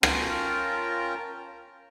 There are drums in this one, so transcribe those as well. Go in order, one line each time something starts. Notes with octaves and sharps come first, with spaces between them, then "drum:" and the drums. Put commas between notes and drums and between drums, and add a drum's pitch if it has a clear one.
C#4 F4 A#4 G5 A5 A#5, drum: rim click